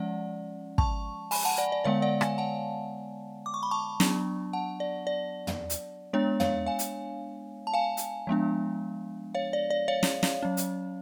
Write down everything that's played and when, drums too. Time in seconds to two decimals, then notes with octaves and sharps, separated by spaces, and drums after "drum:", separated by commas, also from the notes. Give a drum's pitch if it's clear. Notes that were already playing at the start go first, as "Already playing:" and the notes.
Already playing: F3 G#3 C#4 D5 F#5
0.78 A5 C#6, drum: kick
1.31 G#5 B5, drum: open hi-hat
1.45 F#5 A5
1.58 D5 F#5
1.72 D5
1.84 D3 G#3 B3 C#5 F5
2.02 D5 F#5
2.21 F5 G#5, drum: rim click
2.38 F#5 A5
3.46 D6
3.54 C#6
3.63 B5
3.71 A5 C#6
4.00 F#3 B3 D4, drum: snare
4.53 F#5 A5
4.80 D5
5.07 D5
5.47 drum: tom
5.70 drum: hi-hat
6.13 G#3 B3 D4 C#5
6.40 C#5 F5, drum: tom
6.66 F5 G#5
6.79 drum: hi-hat
7.67 A5
7.74 F5 G#5
7.97 drum: hi-hat
8.27 F3 G#3 B3 D4
9.35 C#5 F5
9.53 D5
9.70 D5
9.88 C#5 F5
10.03 drum: snare
10.23 drum: snare
10.43 F#3 C#4
10.57 drum: hi-hat